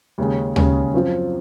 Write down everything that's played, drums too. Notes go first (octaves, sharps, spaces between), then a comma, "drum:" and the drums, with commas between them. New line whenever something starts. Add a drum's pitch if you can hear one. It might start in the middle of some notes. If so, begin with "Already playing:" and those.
D#2 C#3 G#3 C#4 G#4
D#2 C#3 G#3 C#4 G#4, drum: tom
F#2 F3 C4 F4